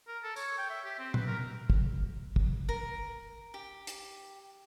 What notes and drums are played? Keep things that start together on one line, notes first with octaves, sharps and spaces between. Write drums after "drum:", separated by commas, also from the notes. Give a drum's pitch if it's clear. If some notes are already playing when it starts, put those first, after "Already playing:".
A#4
A4
C#5, drum: tambourine
G5
E5
G4
C4
B4, drum: tom A#2
A#4
drum: kick
drum: kick
A#4
G4
drum: hi-hat